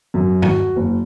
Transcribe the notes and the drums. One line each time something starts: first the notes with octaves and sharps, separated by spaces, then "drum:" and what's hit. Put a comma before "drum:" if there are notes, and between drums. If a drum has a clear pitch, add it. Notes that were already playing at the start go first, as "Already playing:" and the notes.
F#2
F#4, drum: tom G2
F#1